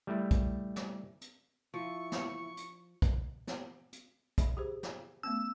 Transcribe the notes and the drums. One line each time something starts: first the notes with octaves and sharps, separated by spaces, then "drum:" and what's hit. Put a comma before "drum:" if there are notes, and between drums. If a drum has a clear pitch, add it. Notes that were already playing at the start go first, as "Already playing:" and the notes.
G3 A3 E4
drum: kick, hi-hat
drum: snare
drum: hi-hat
F3 E4 C#6
drum: snare
drum: hi-hat
drum: kick, hi-hat
drum: snare
drum: hi-hat
E5 B5, drum: kick, hi-hat
G4 G#4 C5
drum: snare
A3 B3 C#4 E6